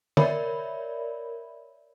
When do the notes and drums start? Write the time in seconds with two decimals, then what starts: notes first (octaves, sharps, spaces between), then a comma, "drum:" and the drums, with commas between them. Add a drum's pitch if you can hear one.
0.17 A#4 C#5 D5 E5 B5, drum: tom D3